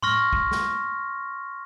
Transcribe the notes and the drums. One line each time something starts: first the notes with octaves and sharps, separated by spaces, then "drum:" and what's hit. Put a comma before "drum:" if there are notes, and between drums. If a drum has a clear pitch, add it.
C6 C#6 F6 A#6, drum: tom A2
drum: kick
drum: snare